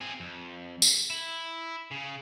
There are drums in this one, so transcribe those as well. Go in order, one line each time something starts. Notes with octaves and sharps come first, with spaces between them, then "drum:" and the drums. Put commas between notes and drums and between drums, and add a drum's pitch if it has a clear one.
C4 G#4
F2
drum: tambourine
E4
C#3